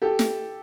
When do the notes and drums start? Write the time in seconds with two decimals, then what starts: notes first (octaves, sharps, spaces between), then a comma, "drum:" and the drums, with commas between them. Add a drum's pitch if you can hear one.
0.02 G4 A4
0.19 drum: snare